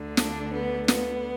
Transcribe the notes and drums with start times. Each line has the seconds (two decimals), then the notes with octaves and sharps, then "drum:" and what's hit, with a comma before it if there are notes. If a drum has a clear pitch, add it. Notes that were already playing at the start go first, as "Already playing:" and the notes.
Already playing: D2 D3
0.17 D4, drum: snare
0.53 B3
0.88 B3, drum: snare